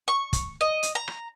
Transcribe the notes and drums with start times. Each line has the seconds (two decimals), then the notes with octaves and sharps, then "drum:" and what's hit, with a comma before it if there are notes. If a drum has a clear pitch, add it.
0.08 C#6
0.33 drum: kick, hi-hat
0.61 D#5
0.83 drum: hi-hat
0.95 A#5
1.08 drum: rim click